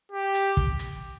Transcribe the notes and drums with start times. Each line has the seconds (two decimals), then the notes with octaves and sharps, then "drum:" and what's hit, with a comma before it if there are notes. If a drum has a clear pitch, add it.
0.12 G4
0.35 drum: hi-hat
0.57 drum: kick
0.79 drum: hi-hat